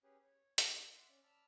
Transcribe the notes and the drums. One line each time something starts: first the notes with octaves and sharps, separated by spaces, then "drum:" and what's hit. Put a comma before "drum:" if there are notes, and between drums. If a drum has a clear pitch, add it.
C#4 G4 G#4 B4 C#5
C#5
A#3 E4 D5 D#5 G5 E6, drum: hi-hat
E5 F#5 C6 D6
C#4 D5
D5 A5 B5 E6 F6